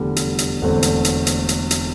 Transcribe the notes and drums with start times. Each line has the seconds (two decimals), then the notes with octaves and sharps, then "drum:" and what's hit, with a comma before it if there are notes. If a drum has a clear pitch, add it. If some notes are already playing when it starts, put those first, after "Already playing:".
Already playing: F1 E2 D3 G3
0.16 drum: hi-hat
0.38 drum: hi-hat
0.61 E1 E2 D3 A3 C4
0.83 drum: hi-hat
1.05 drum: hi-hat
1.27 drum: hi-hat
1.49 drum: hi-hat
1.71 drum: hi-hat